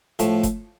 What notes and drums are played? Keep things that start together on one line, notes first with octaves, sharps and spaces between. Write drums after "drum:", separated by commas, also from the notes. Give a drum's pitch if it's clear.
A2 F3 A3, drum: hi-hat
drum: kick F#1, hi-hat